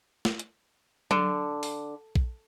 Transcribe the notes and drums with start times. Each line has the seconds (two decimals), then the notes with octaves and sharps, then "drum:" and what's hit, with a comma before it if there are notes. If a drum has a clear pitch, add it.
0.25 drum: snare
0.39 drum: hi-hat
1.11 D3, drum: tom F#3
1.63 drum: open hi-hat
2.15 drum: kick A#1